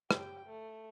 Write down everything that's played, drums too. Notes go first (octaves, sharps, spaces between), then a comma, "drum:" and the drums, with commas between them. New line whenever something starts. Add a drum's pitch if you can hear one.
G4 G5, drum: rim click
A3